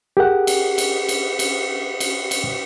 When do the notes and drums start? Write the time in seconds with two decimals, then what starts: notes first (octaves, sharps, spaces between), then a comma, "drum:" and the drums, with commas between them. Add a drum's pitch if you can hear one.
0.17 G4 G#4 A#4 F#5
0.47 drum: cymbal
0.78 drum: cymbal
1.09 drum: cymbal
1.39 drum: cymbal
2.00 drum: cymbal
2.31 drum: cymbal